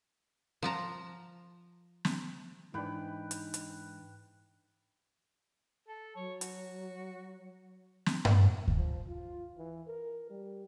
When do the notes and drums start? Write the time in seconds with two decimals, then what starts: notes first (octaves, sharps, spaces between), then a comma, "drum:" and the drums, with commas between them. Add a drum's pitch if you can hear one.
0.62 F3 A5 A#5
2.05 drum: snare
2.74 G#2 E3 D4 D#4 B4 G5
3.31 drum: hi-hat
3.54 drum: hi-hat
5.88 A4
6.16 F#3 C#5
6.41 F#4, drum: hi-hat
8.06 drum: snare
8.25 drum: tom G2
8.68 drum: kick D2
8.78 F3
9.08 F4
9.58 E3
9.87 A#4
10.30 G3